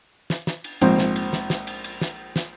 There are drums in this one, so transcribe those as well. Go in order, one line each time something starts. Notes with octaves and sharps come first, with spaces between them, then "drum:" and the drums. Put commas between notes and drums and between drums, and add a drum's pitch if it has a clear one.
drum: snare
drum: snare
drum: cymbal
A#1 G#2 C4, drum: cymbal
drum: snare
drum: cymbal
drum: snare
drum: snare
drum: cymbal
drum: cymbal
drum: snare
drum: snare